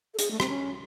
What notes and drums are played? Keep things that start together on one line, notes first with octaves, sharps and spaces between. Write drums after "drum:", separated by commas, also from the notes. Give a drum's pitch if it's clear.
A4
G#4, drum: hi-hat
A3
C4, drum: rim click
C#4